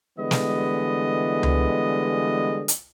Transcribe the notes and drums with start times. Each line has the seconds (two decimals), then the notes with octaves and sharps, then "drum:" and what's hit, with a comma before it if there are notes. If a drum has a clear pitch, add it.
0.19 D3 E3 G3 G#3 B3 D#5
0.31 drum: snare
1.43 drum: tom C#2
2.68 drum: hi-hat